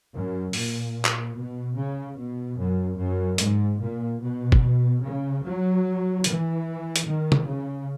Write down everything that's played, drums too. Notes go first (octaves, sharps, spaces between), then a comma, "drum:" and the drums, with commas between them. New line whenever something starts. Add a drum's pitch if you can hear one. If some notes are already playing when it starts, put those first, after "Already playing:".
F#2
A#2, drum: open hi-hat
drum: clap
B2
C#3
B2
F#2
F#2
G#2, drum: hi-hat
A#2
B2
drum: kick G1
C#3
F#3
E3, drum: hi-hat
drum: hi-hat
D#3
drum: tom C3
C#3